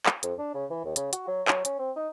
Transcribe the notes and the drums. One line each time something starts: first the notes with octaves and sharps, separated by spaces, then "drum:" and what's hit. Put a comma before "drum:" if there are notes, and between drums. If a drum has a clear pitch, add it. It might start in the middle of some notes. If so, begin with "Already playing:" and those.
drum: clap
F2, drum: hi-hat
D4
C#3
E3
D#2
C#3, drum: hi-hat
F#4, drum: hi-hat
F#3
F#3, drum: clap
C#4, drum: hi-hat
C4
D#4